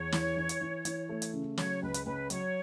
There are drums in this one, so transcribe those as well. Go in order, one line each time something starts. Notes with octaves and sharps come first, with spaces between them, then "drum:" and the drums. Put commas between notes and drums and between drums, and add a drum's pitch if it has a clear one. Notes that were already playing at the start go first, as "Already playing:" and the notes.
Already playing: E2 C#5
E3, drum: snare
E3
drum: hi-hat
E3
E3, drum: hi-hat
A3
drum: hi-hat
C#3
F#3 C#5, drum: snare
C#2 B4
drum: hi-hat
C#2 B4
F#3 C#5, drum: hi-hat